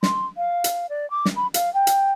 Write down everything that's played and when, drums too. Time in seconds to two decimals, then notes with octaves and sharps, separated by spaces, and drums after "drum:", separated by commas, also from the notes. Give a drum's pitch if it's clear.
0.03 C6, drum: snare
0.37 F5
0.64 drum: hi-hat
0.89 D5
1.10 D6
1.25 drum: snare
1.36 B5
1.54 F5, drum: hi-hat
1.74 G5
1.87 drum: hi-hat